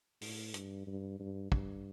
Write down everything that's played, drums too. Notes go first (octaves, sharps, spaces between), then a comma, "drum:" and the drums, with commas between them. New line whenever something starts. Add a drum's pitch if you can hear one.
A2, drum: open hi-hat
G2, drum: hi-hat
G2
G2
G2, drum: kick